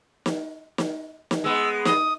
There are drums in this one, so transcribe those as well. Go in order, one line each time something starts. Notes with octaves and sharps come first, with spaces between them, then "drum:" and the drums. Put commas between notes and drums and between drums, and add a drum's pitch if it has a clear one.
drum: snare
drum: snare
drum: snare
G#3 B3 E6
D#6, drum: snare